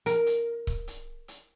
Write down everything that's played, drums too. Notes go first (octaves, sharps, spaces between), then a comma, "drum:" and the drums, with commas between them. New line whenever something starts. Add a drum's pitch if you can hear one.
A#4, drum: hi-hat
drum: hi-hat
drum: kick C#1
drum: hi-hat
drum: hi-hat